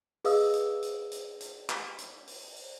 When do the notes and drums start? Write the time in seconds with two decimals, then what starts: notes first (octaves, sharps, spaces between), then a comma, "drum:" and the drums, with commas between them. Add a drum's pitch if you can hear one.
0.25 G#4 B4 D#5 F5 D#6 E6, drum: open hi-hat
0.54 drum: hi-hat
0.82 drum: hi-hat
1.11 drum: hi-hat
1.40 drum: hi-hat
1.69 drum: clap
1.98 drum: hi-hat
2.27 drum: open hi-hat
2.56 drum: open hi-hat